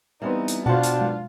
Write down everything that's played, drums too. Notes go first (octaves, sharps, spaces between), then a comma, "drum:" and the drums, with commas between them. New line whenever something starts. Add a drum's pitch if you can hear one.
E3 G3 B3 C4 D#4
drum: hi-hat
B2 D4 F4 F#4 C5 F5 F#5 A5, drum: tom B2
drum: hi-hat
drum: tom G#3